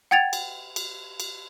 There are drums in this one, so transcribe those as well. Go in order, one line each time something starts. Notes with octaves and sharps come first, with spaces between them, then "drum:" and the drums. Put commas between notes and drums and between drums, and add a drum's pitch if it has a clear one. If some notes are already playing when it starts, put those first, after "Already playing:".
F#5 G5 G#6 A6 F7
drum: cymbal
drum: cymbal
drum: cymbal